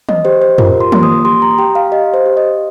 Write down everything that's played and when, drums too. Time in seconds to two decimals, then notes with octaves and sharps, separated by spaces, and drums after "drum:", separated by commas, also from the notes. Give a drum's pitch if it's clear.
0.09 D#5, drum: tom
0.25 G4 C5
0.42 C5
0.58 F4 A#4, drum: tom
0.80 C6
0.92 A#3, drum: tom
1.03 D#6
1.25 G4 C6
1.42 A#5
1.58 G4 G5
1.75 F5
1.92 G4 D#5
2.14 C5
2.26 G4
2.37 D#5